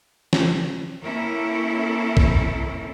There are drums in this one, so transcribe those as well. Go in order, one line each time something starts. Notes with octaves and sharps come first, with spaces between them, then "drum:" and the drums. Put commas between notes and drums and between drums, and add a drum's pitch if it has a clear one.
drum: snare
A#3 C4 C#4 E4 A4 A#4
drum: kick A1